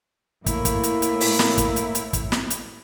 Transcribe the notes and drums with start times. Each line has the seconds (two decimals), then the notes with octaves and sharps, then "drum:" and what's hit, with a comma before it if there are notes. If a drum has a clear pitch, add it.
0.46 A2 A#3 E4, drum: kick, hi-hat
0.65 drum: kick, hi-hat
0.83 drum: hi-hat
1.02 drum: hi-hat
1.21 drum: open hi-hat
1.39 drum: snare
1.58 drum: kick, hi-hat
1.76 drum: hi-hat
1.95 drum: hi-hat
2.13 drum: kick, hi-hat
2.32 drum: snare
2.50 drum: hi-hat